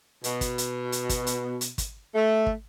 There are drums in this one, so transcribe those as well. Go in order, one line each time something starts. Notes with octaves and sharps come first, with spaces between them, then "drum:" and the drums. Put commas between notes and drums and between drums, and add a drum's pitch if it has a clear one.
B2, drum: hi-hat
drum: kick, hi-hat
drum: hi-hat
drum: hi-hat
drum: kick, hi-hat
drum: hi-hat
drum: hi-hat
drum: kick, hi-hat
A3
drum: kick